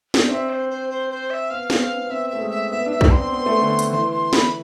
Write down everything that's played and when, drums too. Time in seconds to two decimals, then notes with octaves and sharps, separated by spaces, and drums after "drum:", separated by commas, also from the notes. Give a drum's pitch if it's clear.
0.14 drum: snare
0.25 D4
0.29 C4 E5
0.49 C5
0.70 C5
0.90 C5
1.10 C5
1.30 E5
1.50 B3 F5
1.70 C4, drum: snare
1.80 B3 F5
1.95 C4
2.05 B3
2.10 C4 E5
2.30 A3 E5
2.40 G#3
2.51 E5
2.71 B3 E5
2.86 D4
2.91 E5
3.01 D4, drum: kick
3.12 C4 C6
3.32 B3
3.46 A3
3.61 D3
3.79 drum: hi-hat
3.91 E3 C6
4.12 C6
4.33 B5, drum: snare